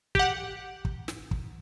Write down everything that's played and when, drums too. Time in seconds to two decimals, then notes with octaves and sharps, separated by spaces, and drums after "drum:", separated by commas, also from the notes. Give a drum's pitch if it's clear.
0.15 G4 F#5, drum: kick
0.85 drum: kick
1.08 drum: snare
1.31 drum: kick